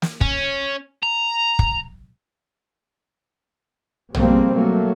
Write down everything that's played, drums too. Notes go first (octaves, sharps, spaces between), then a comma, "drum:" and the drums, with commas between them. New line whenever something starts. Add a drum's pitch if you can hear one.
drum: snare
C#4, drum: kick
A#5
drum: kick
B2 F3 G3 G#3 A#3 C4, drum: tom A#1
F#3 A3 A#3